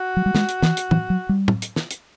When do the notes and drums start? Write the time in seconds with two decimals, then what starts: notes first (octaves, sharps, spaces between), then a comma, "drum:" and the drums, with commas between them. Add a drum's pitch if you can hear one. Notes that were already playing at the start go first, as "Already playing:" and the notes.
Already playing: F#4
0.17 F#3
0.26 G3
0.35 G#3, drum: snare
0.49 drum: hi-hat
0.62 E3, drum: snare
0.77 drum: hi-hat
0.91 E3, drum: tom
1.10 F#3
1.29 G3
1.48 drum: tom
1.62 drum: hi-hat
1.76 drum: snare
1.91 drum: hi-hat